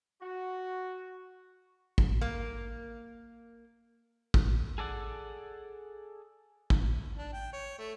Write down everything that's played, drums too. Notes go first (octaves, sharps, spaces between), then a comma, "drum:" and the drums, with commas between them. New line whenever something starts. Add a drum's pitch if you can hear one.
F#4
drum: kick A1
A#3
drum: kick A1
G#4 A4 D5 F#5
drum: kick A1
D4
G5
C#5
A3